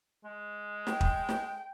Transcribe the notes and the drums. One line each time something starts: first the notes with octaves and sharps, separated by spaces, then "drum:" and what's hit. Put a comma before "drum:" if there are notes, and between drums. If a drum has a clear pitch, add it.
G#3
G5, drum: snare
drum: kick
drum: snare